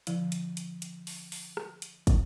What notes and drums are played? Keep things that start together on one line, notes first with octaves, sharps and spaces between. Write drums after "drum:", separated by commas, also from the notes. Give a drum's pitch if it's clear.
D3 F3 E4, drum: hi-hat
drum: hi-hat
drum: hi-hat
drum: hi-hat
drum: open hi-hat
drum: open hi-hat
drum: rim click
drum: hi-hat
drum: kick, hi-hat